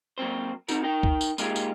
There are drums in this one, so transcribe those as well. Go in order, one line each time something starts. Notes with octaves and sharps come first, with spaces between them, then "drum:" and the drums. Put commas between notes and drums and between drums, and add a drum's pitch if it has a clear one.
F#3 A#3 C4 C5
C4 D#4 F#4 A#4, drum: tambourine
D#4 A#4 G5
drum: kick C#2
drum: tambourine
G#3 A#3 D#4 F4 G4 G#4, drum: tambourine
drum: tambourine